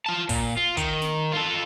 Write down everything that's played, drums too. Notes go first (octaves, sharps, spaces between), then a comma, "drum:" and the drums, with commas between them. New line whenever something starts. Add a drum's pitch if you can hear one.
F4 A5
A#2, drum: kick, open hi-hat
F4
D#3, drum: kick, hi-hat
drum: snare
F4 A4